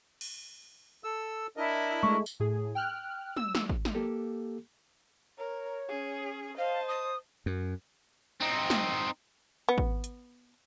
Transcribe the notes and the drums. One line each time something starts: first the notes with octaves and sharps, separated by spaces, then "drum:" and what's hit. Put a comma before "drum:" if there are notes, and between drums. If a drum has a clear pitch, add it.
drum: cymbal
A4 E6
D4 E4 A#4 D#5
G#3 A3 C#6
drum: tambourine
A2 G#4
G5 F6 F#6
E6, drum: tom
drum: snare
drum: kick G#1
drum: snare
A#3 G4 A4
A#4 C#5
C#4 G#4
C5 D#5 F5 A5
D#6
F#2
C4 D#4
drum: snare
B3
drum: kick G#1
drum: hi-hat